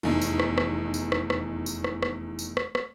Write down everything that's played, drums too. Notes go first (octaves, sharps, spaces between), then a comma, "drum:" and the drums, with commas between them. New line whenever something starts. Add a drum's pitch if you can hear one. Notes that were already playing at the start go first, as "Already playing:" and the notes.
F1 E2 D#4
drum: tambourine
drum: rim click
drum: rim click
drum: tambourine
drum: rim click
drum: rim click
drum: tambourine
drum: rim click
drum: rim click
drum: tambourine
drum: rim click
drum: rim click